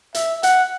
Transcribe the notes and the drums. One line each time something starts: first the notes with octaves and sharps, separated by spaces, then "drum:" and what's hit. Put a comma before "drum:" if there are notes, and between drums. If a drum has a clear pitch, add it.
E5, drum: hi-hat
F#5, drum: hi-hat